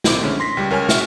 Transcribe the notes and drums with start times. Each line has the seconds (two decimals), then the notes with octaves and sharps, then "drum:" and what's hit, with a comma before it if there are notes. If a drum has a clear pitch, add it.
0.04 C2 D#3 C4 E4 D6, drum: snare
0.22 D3 G#3 C#4 E4
0.40 C6 A#6 B6
0.57 C#2 G3
0.70 C#2 A#4 C#5 G#5 F6
0.89 F#4 E5, drum: snare